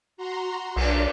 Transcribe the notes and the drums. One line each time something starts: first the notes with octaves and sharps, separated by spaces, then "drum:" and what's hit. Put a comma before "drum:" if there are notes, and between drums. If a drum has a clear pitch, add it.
F#4 A#5 C6
B1 D4 A#4 D5, drum: cymbal